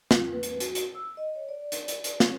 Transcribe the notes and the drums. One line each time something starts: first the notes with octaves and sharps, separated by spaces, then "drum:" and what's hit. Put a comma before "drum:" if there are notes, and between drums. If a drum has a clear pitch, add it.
F4, drum: snare
B4
drum: hi-hat
F#4, drum: hi-hat
drum: hi-hat
E6
D#5
C#5
D5
drum: hi-hat
drum: hi-hat
drum: hi-hat
drum: snare